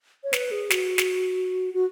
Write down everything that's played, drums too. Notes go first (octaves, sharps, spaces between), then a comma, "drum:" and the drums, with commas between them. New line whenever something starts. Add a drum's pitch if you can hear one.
C#5
B4, drum: snare
G#4
F#4, drum: snare
drum: snare
F#4